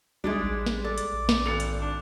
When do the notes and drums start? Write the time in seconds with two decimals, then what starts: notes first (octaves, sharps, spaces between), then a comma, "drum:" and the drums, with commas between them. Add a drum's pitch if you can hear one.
0.24 C#2 G3 G#3 D4 D#4 G#4
0.41 A1
0.66 drum: snare
0.84 A4 D5
0.98 drum: hi-hat
1.13 A#1
1.29 drum: snare
1.46 G#1 A4 C#7 F7
1.60 drum: hi-hat
1.81 D4